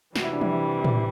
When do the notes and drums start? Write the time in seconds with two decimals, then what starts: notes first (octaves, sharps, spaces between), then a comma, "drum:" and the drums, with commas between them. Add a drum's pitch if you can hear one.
0.16 C3 E3 G3 F#4, drum: snare
0.24 E4
0.33 D4
0.41 E4, drum: tom E3
0.84 drum: tom A2